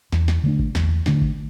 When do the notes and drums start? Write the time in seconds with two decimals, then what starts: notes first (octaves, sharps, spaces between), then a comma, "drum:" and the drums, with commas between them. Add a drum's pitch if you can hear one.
0.12 E2, drum: snare
0.28 drum: snare
0.44 D3 A3 D4
0.59 drum: kick G#1
0.75 E2, drum: snare
1.06 D3 A3 D4, drum: snare
1.22 drum: kick G#1